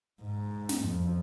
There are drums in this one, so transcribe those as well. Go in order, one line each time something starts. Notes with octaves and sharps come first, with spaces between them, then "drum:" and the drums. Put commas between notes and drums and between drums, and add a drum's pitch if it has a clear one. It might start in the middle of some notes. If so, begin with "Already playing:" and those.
G#2
drum: snare
F2